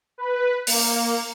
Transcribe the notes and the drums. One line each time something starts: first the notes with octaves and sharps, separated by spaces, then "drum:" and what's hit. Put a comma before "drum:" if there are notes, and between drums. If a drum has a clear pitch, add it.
B4
A#3, drum: open hi-hat